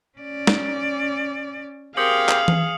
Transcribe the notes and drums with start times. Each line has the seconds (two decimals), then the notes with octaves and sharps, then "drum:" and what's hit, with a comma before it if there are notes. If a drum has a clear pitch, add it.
0.18 C#4 D5
0.47 drum: snare
1.97 C4 G4 G#4 A#4 F5 D#6 C#7 F#7
2.29 drum: clap
2.48 drum: tom E3